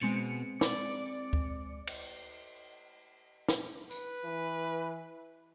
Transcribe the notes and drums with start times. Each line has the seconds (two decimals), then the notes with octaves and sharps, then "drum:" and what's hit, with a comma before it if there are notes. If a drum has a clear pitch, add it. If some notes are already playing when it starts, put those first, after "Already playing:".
0.02 B2 G#3 C4 C#7
0.61 D5, drum: snare
1.33 drum: kick D2
1.87 drum: cymbal
3.48 drum: snare
3.91 B4, drum: tambourine
4.24 E3